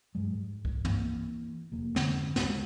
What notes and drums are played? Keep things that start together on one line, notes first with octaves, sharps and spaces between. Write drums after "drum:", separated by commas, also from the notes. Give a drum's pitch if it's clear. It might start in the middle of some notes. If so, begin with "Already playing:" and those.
G2 F#3 G#3
G#2
drum: kick C2
E3 A#3, drum: tom G2
F1 E2 A#3
F2 G#2 D3 C4, drum: snare
C#2 G#2 G#3, drum: snare